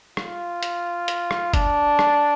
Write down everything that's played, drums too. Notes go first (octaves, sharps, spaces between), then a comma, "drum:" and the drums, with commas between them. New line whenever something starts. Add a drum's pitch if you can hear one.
F4, drum: rim click
drum: hi-hat
drum: hi-hat
drum: rim click
D4, drum: kick, hi-hat
drum: rim click